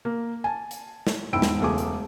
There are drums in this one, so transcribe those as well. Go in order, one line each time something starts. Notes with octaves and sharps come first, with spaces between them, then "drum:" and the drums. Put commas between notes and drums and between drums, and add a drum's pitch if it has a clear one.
A#3
G#5 A5
drum: hi-hat
drum: snare
E1 G#2 E4 G5 E6 D7
drum: snare
E1 C#2 A3 G#4 D6
drum: hi-hat